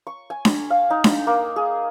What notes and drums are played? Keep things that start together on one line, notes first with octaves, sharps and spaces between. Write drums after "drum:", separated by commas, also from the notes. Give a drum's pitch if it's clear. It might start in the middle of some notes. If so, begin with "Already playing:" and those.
C#6
G#5
drum: snare D4
F5
D#4
drum: snare D4
A#3
G#4